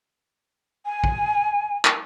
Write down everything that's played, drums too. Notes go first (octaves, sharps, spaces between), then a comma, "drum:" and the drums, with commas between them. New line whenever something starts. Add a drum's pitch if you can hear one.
G#5
drum: kick
drum: clap